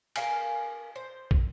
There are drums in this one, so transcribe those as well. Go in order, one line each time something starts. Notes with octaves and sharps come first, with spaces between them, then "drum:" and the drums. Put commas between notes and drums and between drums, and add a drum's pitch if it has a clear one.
A#4 F5 G#5, drum: cymbal
C5
drum: kick